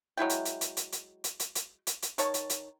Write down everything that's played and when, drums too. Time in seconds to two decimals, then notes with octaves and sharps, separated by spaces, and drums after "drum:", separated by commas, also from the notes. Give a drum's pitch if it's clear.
0.17 F#3 G#3 E4 G5
0.30 drum: hi-hat
0.45 drum: hi-hat
0.61 drum: hi-hat
0.77 drum: hi-hat
0.92 drum: hi-hat
1.24 drum: hi-hat
1.40 drum: hi-hat
1.55 drum: hi-hat
1.87 drum: hi-hat
2.02 drum: hi-hat
2.18 D#3 C#5 A5, drum: hi-hat
2.34 drum: hi-hat
2.50 drum: hi-hat